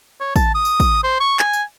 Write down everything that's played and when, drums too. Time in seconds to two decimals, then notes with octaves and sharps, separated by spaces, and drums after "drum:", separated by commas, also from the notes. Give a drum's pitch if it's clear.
0.20 C#5
0.36 A5, drum: kick, tambourine
0.55 D#6
0.65 drum: tambourine
0.80 drum: kick, tambourine
1.03 C5
1.20 C#6
1.39 G#5, drum: clap
1.53 drum: tambourine